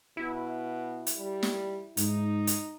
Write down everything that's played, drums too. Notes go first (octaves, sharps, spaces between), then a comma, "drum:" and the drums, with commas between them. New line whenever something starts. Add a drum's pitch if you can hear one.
B2 E4
drum: hi-hat
G3
drum: snare
G#2 D#4, drum: hi-hat
drum: hi-hat